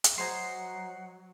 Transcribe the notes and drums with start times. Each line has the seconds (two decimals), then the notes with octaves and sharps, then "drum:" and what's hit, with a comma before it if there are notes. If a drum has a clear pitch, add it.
0.04 drum: hi-hat
0.18 F#3 C5 D#5 F#5 G#5 A#5 C7